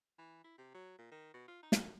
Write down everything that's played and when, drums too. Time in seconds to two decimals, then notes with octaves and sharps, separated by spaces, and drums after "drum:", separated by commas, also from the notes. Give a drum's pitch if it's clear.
0.19 E3
0.44 E4
0.58 C3
0.74 F#3
0.98 A#2
1.12 D#3
1.34 B2
1.48 F4
1.63 D#4
1.72 drum: snare
1.82 F#2